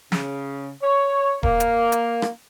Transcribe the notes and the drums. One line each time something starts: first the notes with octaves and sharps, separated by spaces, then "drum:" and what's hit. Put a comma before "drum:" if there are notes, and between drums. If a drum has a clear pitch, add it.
C#3, drum: snare
C#5
A#3, drum: kick D#1
drum: hi-hat
drum: hi-hat
drum: rim click